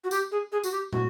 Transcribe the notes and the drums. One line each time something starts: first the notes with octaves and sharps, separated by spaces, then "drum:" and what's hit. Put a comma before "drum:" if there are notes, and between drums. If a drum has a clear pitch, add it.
F#4
G4, drum: tambourine
G#4
G#4
F#4, drum: tambourine
G4
F#4, drum: tom